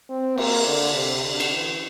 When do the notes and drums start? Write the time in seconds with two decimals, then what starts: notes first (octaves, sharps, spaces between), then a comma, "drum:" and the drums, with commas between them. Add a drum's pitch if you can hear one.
0.10 C4
0.38 A#3, drum: cymbal
0.67 D3
0.96 C3
1.24 D3
1.40 drum: cymbal
1.53 E3